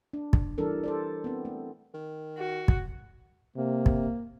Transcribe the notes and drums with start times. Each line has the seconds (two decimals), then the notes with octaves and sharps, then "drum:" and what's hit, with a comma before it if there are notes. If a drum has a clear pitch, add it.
0.13 D4
0.33 drum: kick
0.58 E3 G3 D4 A4 A#4
0.84 A4 C5 D5
1.24 B3 C4
1.45 A3
1.94 D#3
2.39 F#4
2.68 drum: kick
3.56 C3 A#3
3.86 drum: kick